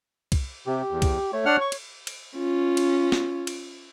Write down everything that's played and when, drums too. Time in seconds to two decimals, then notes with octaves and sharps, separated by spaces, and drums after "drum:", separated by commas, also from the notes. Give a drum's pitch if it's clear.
0.32 drum: kick C2, cymbal
0.67 C3 G4
0.91 E2
1.02 drum: kick C2, cymbal
1.33 A3 C#5
1.46 D4 F#5 F6
1.61 C#6
1.72 drum: cymbal
2.07 drum: cymbal
2.37 C#4 F4
2.77 drum: cymbal
3.12 drum: snare
3.47 drum: cymbal